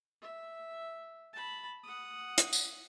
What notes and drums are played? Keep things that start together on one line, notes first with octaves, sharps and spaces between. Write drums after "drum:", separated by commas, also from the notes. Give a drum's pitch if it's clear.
E5
A5 B5
F#5 D#6
drum: hi-hat
drum: tambourine